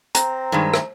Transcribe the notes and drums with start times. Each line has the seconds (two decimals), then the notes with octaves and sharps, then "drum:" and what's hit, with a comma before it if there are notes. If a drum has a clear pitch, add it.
0.15 C4 A#5, drum: hi-hat
0.52 G2 D#3 G#3
0.74 drum: rim click